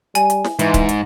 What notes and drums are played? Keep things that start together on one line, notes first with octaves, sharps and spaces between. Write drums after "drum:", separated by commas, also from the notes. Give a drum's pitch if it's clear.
G3 G#5, drum: hi-hat
drum: hi-hat
drum: snare
G#2 E3, drum: hi-hat
drum: kick C#1, hi-hat
drum: hi-hat